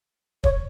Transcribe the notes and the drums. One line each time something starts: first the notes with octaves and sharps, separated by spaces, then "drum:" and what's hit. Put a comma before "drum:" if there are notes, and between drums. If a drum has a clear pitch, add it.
C#5, drum: kick